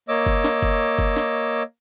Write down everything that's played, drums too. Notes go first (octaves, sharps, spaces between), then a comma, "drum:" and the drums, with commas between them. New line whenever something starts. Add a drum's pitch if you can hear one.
A#3 C#5 D#5 D6 E6
drum: kick F#1
drum: snare
drum: kick F#1
drum: kick F#1
drum: snare